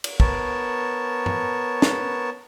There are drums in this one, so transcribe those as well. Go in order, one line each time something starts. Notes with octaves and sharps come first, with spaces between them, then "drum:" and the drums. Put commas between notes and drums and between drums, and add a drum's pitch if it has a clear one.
drum: cymbal
B3 A#4 C#5 A5, drum: kick
drum: tom
drum: snare